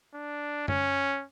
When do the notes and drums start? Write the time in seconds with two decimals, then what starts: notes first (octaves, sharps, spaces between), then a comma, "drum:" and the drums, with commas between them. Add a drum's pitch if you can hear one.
0.14 D4
0.68 C#4, drum: tom F#2